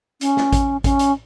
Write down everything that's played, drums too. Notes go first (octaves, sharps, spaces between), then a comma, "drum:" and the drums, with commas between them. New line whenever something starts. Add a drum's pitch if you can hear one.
C#4, drum: hi-hat
drum: snare
drum: kick A1, hi-hat
C#4, drum: kick A1, hi-hat
drum: hi-hat